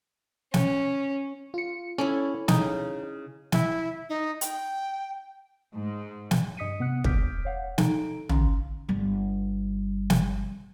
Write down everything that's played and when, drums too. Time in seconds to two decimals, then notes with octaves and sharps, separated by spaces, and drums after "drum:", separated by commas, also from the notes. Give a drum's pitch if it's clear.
0.54 C#4, drum: snare
1.54 F4 C#7
1.98 C#4 E4 A4 C#5 D5
2.48 C#3 D#4, drum: snare
3.52 E4, drum: snare
4.09 D#4
4.41 G5, drum: hi-hat
5.74 G#2
6.31 drum: snare
6.57 G2 D#5 D#6 B6 C#7 D#7
6.80 C3 B3 F#5 D#6 F#6 C#7
7.04 D6 D#6 F6 G6 B6 D7, drum: kick
7.45 C#5 F5 F#5
7.78 D#4 A4 A#5 D7, drum: snare
8.29 C#4 F5 A#5 C6, drum: tom
8.88 G1 G3
10.10 drum: snare